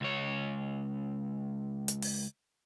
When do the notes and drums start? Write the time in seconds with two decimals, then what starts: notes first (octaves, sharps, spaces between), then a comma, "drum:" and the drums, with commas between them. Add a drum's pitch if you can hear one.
0.01 C#2 C#5
1.88 drum: hi-hat
2.02 drum: open hi-hat